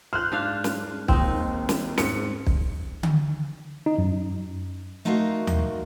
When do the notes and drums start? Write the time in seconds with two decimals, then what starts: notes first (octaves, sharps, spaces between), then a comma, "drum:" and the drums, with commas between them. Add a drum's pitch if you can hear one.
0.13 C5 F6 F#6
0.32 G#2 D4 F5
0.64 drum: snare
1.08 D#2 C4 D#4, drum: kick
1.69 drum: snare
1.98 G#2 C#7, drum: snare
2.47 drum: kick
3.03 drum: tom D3
3.86 D#4
3.98 F#2
5.05 A3 D#4 F4 F#4 A#4 F5
5.47 drum: tom D#2